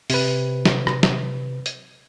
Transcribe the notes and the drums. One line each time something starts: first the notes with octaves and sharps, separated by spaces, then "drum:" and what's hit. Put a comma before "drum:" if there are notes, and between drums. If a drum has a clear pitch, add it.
C3 B4, drum: open hi-hat
drum: snare
drum: rim click
drum: snare
drum: hi-hat